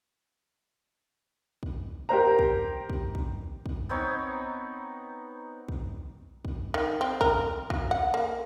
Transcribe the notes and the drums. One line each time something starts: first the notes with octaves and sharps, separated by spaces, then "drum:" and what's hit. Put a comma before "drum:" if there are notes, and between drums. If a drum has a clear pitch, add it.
drum: kick
G4 A#4 C5 A#5
drum: kick
drum: kick
drum: kick
drum: kick
B3 C4 D#4 C#5
drum: kick
drum: kick
D#3
C4
A#4, drum: kick
F#3, drum: kick
F#5
A#3